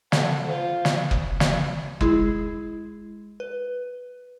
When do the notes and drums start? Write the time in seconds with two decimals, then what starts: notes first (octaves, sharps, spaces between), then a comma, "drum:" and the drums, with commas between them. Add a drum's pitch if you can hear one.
0.12 A4 F#5, drum: snare
0.46 F4 C5
0.85 drum: snare
1.11 drum: kick F#1
1.40 drum: snare
2.01 G#3 E4 G#4, drum: kick F#1
3.40 B4